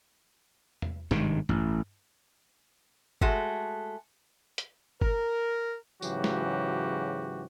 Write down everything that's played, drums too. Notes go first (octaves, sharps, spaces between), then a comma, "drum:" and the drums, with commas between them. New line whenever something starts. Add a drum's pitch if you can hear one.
drum: tom E2
G#1 G2 C3 D#3, drum: snare
A1, drum: tom G2
G#3 A3 F#4, drum: kick
drum: hi-hat
A#4, drum: kick
G#2 C#3 E3 F#3 F#4 G4, drum: tambourine
drum: snare